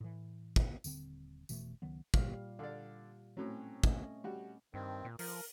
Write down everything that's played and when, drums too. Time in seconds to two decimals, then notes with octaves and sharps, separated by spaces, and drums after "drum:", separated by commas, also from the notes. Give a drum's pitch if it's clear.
0.01 A2 E3
0.56 drum: kick
0.84 D#1 D3 C4, drum: tambourine
1.49 F1 B2 E3 A3, drum: tambourine
1.82 C#2 D#3 F#3 B3
2.14 A#2 G3 F5, drum: kick
2.59 D3 D5 F5
3.37 A2 F#3 C4 C#4
3.84 A3 C#4 D#5, drum: kick
4.24 G3 F#4
4.74 G2 D#3 C4
5.05 A#2
5.19 F3 A#4, drum: open hi-hat